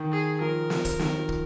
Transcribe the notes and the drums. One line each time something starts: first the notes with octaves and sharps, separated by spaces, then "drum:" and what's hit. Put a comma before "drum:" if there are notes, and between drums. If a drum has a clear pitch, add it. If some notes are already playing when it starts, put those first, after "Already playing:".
Already playing: D#3
G#4
F3 A#4
drum: snare
drum: kick, hi-hat
D#3, drum: snare
F3
drum: kick